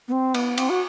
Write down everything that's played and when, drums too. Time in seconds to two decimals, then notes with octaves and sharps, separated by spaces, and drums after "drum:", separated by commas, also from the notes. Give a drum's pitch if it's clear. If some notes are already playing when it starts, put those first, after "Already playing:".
0.08 B3
0.12 C4
0.34 B3, drum: cymbal
0.58 C4, drum: cymbal
0.70 F#4